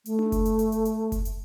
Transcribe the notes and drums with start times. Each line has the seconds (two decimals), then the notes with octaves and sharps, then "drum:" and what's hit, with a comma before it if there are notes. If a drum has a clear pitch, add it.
0.06 A3, drum: hi-hat
0.19 drum: tom D4
0.32 drum: kick F#1, hi-hat
0.45 drum: hi-hat
0.59 drum: hi-hat
0.72 drum: hi-hat
0.85 drum: hi-hat
1.12 drum: kick F#1, hi-hat
1.25 drum: hi-hat